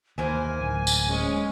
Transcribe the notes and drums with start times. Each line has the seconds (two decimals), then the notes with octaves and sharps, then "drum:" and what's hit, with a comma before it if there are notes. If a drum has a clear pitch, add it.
0.18 D#2 E3 A#3 C5 G#5
0.61 D1
0.87 drum: tambourine
1.09 G#3 C#4